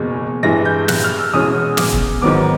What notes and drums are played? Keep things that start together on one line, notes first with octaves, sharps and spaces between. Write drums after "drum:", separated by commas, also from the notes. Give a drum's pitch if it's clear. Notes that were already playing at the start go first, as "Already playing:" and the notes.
Already playing: F#1 E2 B2 G#3
G2 E3 G#3 A#6
G6
F#6, drum: snare
F6
E6
E2 B2 G#3 C#4 D#6
D6, drum: snare
drum: kick
G#2 D#3 F#3 B3 D6